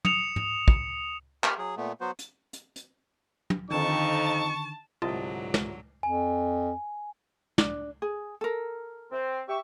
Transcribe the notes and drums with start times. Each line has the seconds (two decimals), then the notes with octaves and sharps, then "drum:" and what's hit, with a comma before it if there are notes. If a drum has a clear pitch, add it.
0.05 D#6 C#7 E7 F7, drum: tom
0.36 drum: tom
0.68 drum: kick
1.44 G4 A#4 B5 F6, drum: clap
1.58 F#3 G#4
1.77 A#2 A3 B3
2.01 F#3 B3 F#4 C5
2.19 drum: hi-hat
2.53 drum: hi-hat
2.76 drum: hi-hat
3.50 drum: tom
3.71 F2 D3 D#3 D#4 A5 C#6
5.02 C2 G#2 D3 F#3 F4 D#5 A5
5.54 drum: snare
6.03 F2 G#5
7.58 D4, drum: snare
8.02 G#4
8.41 A4 A#4
9.12 C4
9.48 G4 E5 C#6